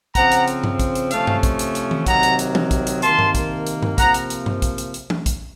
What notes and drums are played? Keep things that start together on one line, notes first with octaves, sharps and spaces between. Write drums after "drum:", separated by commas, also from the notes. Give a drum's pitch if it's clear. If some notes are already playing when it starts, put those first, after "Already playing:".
C#3 F3 C4 F#5 A#5, drum: kick, hi-hat
drum: hi-hat
drum: hi-hat
drum: tom G2
drum: kick, hi-hat
drum: hi-hat
C3 F3 A3 C#4 F5 A5, drum: hi-hat
drum: tom G2
drum: kick, hi-hat
drum: hi-hat
drum: hi-hat
drum: tom D#3
C3 D#3 F#3 A#3 F#5 A#5, drum: kick, hi-hat
drum: hi-hat
drum: hi-hat
drum: tom E3
drum: kick, hi-hat
drum: hi-hat
C3 D#3 A#3 A5 C6, drum: hi-hat
drum: tom G2
drum: kick, hi-hat
drum: hi-hat
drum: tom G2
C3 F3 A#3 F#5 A#5, drum: kick, hi-hat
drum: hi-hat
drum: hi-hat
drum: tom G2
drum: kick, hi-hat
drum: hi-hat
drum: hi-hat
drum: tom E3
drum: kick, hi-hat